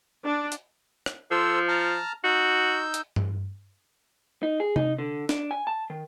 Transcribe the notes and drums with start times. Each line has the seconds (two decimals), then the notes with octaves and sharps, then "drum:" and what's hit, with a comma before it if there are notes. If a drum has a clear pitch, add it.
0.24 D4
0.52 drum: hi-hat
1.06 drum: rim click
1.31 F3 A4 C5 E6
1.68 A5 A#5 F6
2.24 D#4 F#4 E6 G6
2.94 drum: hi-hat
3.16 drum: tom G2
4.43 D#4
4.60 G#4
4.76 D#4, drum: tom C3
4.98 D3
5.29 D4, drum: snare
5.51 G#5
5.67 A5
5.90 D#3